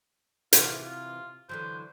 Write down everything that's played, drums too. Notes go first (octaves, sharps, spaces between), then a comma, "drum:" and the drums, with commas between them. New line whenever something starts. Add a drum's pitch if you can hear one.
C3 E3 F4 F#4, drum: hi-hat
F4
D3 E3 F#3 C5